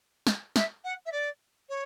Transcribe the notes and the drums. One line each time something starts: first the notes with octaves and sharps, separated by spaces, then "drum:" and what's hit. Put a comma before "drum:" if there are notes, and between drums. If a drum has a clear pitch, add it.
drum: snare
E5, drum: snare
F#5
E5
D5
C#5